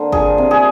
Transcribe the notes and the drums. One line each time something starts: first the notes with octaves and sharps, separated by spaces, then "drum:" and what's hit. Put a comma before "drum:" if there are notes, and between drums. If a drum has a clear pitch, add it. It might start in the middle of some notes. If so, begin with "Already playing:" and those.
Already playing: D3 A#3 C5
F3 G#4, drum: kick G1
C3
G#4